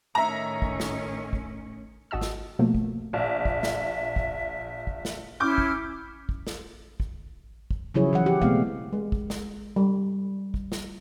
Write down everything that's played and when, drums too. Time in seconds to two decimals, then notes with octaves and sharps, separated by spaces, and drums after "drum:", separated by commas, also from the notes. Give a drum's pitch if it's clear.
0.15 A2 D#3 C#4 E5 A#5
0.62 drum: kick
0.80 drum: snare
1.33 drum: kick
2.11 G#1 F#4 D#5 A5 E6
2.21 drum: snare
2.59 B2 F3 A3 A#3
2.75 drum: kick
3.13 A#1 E5
3.45 drum: kick
3.63 drum: snare
4.16 drum: kick
4.87 drum: kick
5.05 drum: snare
5.40 C#4 E4 D6 F6 G6
5.58 drum: kick
6.29 drum: kick
6.47 drum: snare
7.00 drum: kick
7.71 drum: kick
7.94 C#3 F3 F#3 E4 G#4 C#5
8.13 E3 F#3 F#5
8.26 G4
8.41 B2 G#3 A3 B3 C4 F5, drum: kick
8.93 G#3
9.12 drum: kick
9.30 drum: snare
9.76 G3
10.54 drum: kick
10.72 drum: snare